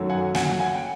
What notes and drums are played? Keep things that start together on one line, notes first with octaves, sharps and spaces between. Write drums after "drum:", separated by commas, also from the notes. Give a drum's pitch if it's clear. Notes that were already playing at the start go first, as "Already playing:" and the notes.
Already playing: F#2 D#3 F#3 A3
F#5 G#5
F#5 G#5, drum: snare
F#5 G#5
G5